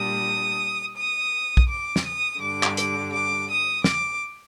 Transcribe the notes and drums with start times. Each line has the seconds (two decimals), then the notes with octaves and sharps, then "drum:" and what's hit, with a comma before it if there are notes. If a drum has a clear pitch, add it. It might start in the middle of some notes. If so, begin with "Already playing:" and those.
Already playing: A#2 G3 D4 D#6
0.96 D#6
1.57 drum: kick B1
1.69 D6
1.96 drum: snare
2.05 D#6
2.40 G2 D3 G3 D6
2.63 drum: clap
2.77 D6, drum: hi-hat
3.13 D6
3.49 D#6
3.84 D6, drum: snare